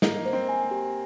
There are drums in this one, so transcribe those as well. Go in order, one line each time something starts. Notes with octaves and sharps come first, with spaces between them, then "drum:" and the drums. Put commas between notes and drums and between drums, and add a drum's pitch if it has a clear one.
A#3 D#5, drum: snare
C5
C4
G#5
G4